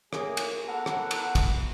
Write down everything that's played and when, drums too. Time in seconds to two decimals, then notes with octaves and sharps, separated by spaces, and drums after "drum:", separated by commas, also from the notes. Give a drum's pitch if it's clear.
0.13 F#2 A3 A#3 G#4, drum: rim click
0.37 drum: cymbal
0.67 B3 A4 A#4 F#5
0.86 drum: rim click
1.11 drum: cymbal
1.35 drum: kick, cymbal